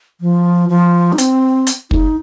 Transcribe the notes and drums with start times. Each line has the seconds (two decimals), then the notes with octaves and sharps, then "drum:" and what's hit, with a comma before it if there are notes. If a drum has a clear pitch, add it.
0.21 F3
0.69 F3
1.13 D#4
1.18 C4, drum: hi-hat
1.67 drum: hi-hat
1.91 D#4, drum: kick